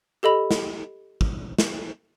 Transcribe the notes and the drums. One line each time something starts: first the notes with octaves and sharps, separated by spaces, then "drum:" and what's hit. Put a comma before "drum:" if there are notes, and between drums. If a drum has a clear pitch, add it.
G4 A4 D#5 B5
drum: snare
drum: kick
drum: snare